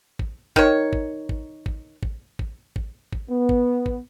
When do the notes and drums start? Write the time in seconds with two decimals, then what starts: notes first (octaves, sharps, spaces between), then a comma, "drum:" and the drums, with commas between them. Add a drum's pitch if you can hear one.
0.19 drum: kick
0.56 D#3 C#5, drum: kick
0.93 drum: kick
1.29 drum: kick
1.66 drum: kick
2.03 drum: kick
2.39 drum: kick
2.76 drum: kick
3.13 drum: kick
3.29 B3
3.49 drum: kick
3.86 drum: kick